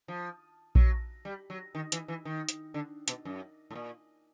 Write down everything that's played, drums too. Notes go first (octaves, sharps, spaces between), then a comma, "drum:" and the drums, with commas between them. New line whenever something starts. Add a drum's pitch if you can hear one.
F3
F#3, drum: kick A#1
G3
F#3
D#3
E3, drum: hi-hat
E3
D#3
drum: hi-hat
D3
B2, drum: hi-hat
F#2
A2
A#2